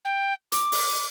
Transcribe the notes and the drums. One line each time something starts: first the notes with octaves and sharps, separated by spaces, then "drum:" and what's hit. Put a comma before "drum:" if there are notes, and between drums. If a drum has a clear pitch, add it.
G5
D6, drum: hi-hat
drum: open hi-hat